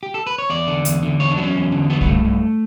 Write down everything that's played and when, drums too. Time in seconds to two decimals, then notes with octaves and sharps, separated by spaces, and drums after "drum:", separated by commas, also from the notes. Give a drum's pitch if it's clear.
0.03 G4
0.14 A4
0.27 B4
0.38 C#5
0.50 E2 D5
0.68 D3
0.85 E2, drum: hi-hat
1.03 D3
1.20 E2 C#5
1.31 D4
1.37 F#3 B3
1.44 C#4
1.55 E2
1.72 D3
1.90 F#3 B3
2.01 B3, drum: kick
2.07 G2 A3
2.25 G2